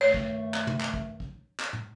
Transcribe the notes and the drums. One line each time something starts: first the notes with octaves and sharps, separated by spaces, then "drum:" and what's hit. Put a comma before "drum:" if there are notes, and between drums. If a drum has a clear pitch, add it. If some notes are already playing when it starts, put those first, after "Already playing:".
G2 D#3 A3 C#5
drum: kick
drum: clap
drum: tom
drum: clap
drum: kick
drum: kick
drum: clap
drum: tom